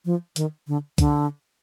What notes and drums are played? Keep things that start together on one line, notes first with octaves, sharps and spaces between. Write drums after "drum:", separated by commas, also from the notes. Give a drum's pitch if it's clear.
F3
D#3, drum: hi-hat
D3
D3, drum: kick C2, hi-hat